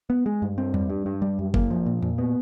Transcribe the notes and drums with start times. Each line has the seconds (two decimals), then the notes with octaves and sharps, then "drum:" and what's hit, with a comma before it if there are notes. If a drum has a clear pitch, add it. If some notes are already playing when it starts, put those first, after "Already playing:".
0.10 B3
0.26 G#3
0.42 G2
0.58 C4
0.74 G3, drum: tom E2
0.90 G2
1.06 G2
1.22 G3
1.39 F#2
1.54 A#3, drum: kick G1
1.71 F3
1.86 A#2
2.02 A#2, drum: tom E2
2.18 B3